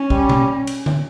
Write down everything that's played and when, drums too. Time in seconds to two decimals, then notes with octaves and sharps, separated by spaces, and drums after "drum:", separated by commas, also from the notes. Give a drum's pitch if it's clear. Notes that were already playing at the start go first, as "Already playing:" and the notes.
Already playing: C#4
0.10 G3, drum: kick
0.29 drum: tom B2
0.67 drum: cymbal
0.86 drum: tom D3